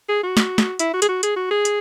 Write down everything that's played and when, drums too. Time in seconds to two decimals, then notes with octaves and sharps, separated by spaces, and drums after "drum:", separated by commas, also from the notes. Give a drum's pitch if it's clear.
0.09 G#4
0.23 F#4
0.37 drum: snare
0.58 drum: snare
0.79 E4, drum: hi-hat
0.94 F#4
1.02 G#4, drum: hi-hat
1.09 F#4
1.23 G#4, drum: hi-hat
1.36 F#4
1.51 G#4
1.65 drum: hi-hat